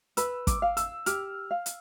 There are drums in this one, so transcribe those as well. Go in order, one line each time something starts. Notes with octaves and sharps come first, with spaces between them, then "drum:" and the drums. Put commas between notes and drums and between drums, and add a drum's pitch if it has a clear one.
B4 E6, drum: hi-hat
D6, drum: kick, hi-hat
F5
E6, drum: hi-hat
G4 F6, drum: hi-hat
F5
drum: hi-hat